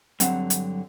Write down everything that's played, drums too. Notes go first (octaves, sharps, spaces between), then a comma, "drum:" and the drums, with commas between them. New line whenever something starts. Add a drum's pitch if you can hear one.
G2 D3 F#3 C4 F#5, drum: hi-hat
drum: hi-hat